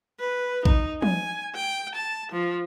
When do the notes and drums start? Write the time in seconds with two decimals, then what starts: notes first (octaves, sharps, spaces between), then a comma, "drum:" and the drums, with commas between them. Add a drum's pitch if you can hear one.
0.20 B4
0.65 D#4, drum: kick A#1
1.02 G#5, drum: tom
1.55 G5
1.95 A5
2.32 F3